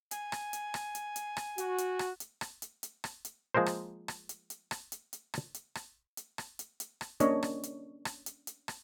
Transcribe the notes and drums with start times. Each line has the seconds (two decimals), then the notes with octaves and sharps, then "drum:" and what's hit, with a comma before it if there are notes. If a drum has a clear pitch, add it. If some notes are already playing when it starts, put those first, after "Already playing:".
0.11 G#5, drum: hi-hat
0.32 drum: rim click
0.53 drum: hi-hat
0.74 drum: rim click
0.95 drum: hi-hat
1.16 drum: hi-hat
1.37 drum: rim click
1.58 F#4, drum: hi-hat
1.78 drum: hi-hat
1.99 drum: rim click
2.20 drum: hi-hat
2.41 drum: rim click
2.62 drum: hi-hat
2.83 drum: hi-hat
3.04 drum: rim click
3.25 drum: hi-hat
3.54 F3 G#3 A#3 A#4 C5
3.66 drum: rim click
4.08 drum: rim click
4.29 drum: hi-hat
4.50 drum: hi-hat
4.71 drum: rim click
4.92 drum: hi-hat
5.13 drum: hi-hat
5.34 drum: rim click
5.54 drum: hi-hat
5.75 drum: rim click
6.17 drum: hi-hat
6.38 drum: rim click
6.59 drum: hi-hat
6.80 drum: hi-hat
7.01 drum: rim click
7.20 A#3 C#4 D4 C#5 D#5, drum: hi-hat
7.43 drum: rim click
7.63 drum: hi-hat
8.05 drum: rim click
8.26 drum: hi-hat
8.47 drum: hi-hat
8.68 drum: rim click